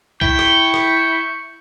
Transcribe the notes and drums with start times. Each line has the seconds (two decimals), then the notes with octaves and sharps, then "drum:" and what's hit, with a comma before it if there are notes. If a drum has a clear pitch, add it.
0.22 E4 G5 C#6, drum: kick B1
0.39 drum: rim click
0.74 drum: rim click